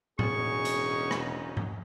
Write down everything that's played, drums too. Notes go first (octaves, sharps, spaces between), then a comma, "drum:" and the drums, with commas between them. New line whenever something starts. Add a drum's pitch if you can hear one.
E1 C#4 D#4 F#4 G#4 C#6, drum: tom A2
drum: hi-hat
drum: rim click
drum: tom G#2